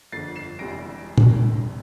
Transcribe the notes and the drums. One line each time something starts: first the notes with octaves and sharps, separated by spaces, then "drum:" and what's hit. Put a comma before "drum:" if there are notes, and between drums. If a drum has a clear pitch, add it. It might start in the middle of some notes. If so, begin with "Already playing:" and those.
G1 F2 D3 A6 C7
C7 E7
E1 E2 C3 G3 A#6 D7
drum: tom